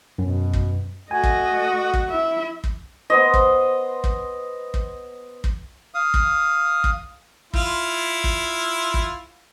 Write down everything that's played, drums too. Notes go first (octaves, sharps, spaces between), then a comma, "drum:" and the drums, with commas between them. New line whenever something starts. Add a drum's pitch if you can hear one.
F#2 B2
drum: kick
A3 F#4 D#5 G#5
drum: kick
C#6
drum: kick
E4 E5
drum: kick
B3 C5 D#5
drum: kick
drum: kick
drum: kick
drum: kick
F5 D#6
drum: kick
drum: kick
E4 F4, drum: kick
drum: kick
drum: kick